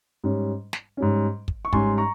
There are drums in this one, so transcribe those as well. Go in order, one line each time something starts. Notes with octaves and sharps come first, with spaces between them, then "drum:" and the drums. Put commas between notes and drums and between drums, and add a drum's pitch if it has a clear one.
G#2 G3 C#4
drum: snare
G#2 G3 C#4
drum: kick
C#6
G#2 G3 C#4 G#5 C6, drum: kick
A#5 C#6